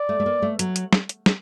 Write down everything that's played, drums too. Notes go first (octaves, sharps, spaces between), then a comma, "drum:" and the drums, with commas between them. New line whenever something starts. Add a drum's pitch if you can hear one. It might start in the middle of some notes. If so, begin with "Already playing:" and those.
Already playing: D5
A3
A3
A#3
A3
F#3, drum: hi-hat
drum: hi-hat
drum: snare
drum: hi-hat
drum: snare